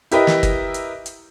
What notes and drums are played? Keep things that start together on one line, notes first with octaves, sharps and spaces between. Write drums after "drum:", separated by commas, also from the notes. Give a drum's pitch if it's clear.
E4 G4 A#4 B4 D#5 E5, drum: hi-hat
drum: snare
drum: kick, hi-hat
drum: hi-hat
drum: hi-hat